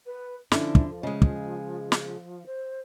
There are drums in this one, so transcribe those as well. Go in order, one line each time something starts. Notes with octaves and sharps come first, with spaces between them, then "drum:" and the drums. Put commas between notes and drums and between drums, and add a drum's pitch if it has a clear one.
B4
D3 F3 C#4 D4 E4, drum: snare
drum: kick
C#3 G#3 D#5
drum: kick
drum: snare
C5